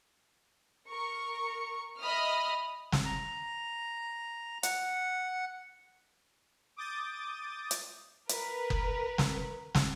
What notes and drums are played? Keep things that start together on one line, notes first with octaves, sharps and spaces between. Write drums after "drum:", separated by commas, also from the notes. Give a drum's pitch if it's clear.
A#4 C#6
D#5 E5 B5 D#6 F6
drum: snare
A#5
F#5, drum: hi-hat
D6 D#6 G6 A6
drum: hi-hat
A#4 B4, drum: hi-hat
drum: kick F#1
drum: snare
drum: snare